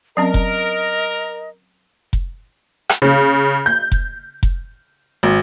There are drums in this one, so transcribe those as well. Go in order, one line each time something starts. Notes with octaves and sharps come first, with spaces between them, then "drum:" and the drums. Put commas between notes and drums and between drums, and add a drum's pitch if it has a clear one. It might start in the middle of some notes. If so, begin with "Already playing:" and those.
F#3 C4 C#4 A#4 D#5
drum: kick F1
drum: kick F1
drum: rim click
C#3
G6
drum: kick F1
drum: kick F1
G#1